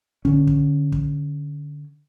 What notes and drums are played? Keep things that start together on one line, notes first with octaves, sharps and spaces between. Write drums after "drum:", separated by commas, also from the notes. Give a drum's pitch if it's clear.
D3 C#4, drum: kick
drum: kick
drum: kick